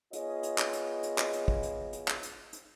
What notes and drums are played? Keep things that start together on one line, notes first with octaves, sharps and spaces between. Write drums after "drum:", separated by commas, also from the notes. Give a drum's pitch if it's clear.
B3 F4 G#4 C#5 D#5, drum: hi-hat
drum: hi-hat
drum: clap
drum: hi-hat
drum: hi-hat
drum: clap
drum: hi-hat
drum: kick
drum: hi-hat
drum: hi-hat
drum: clap
drum: hi-hat
drum: hi-hat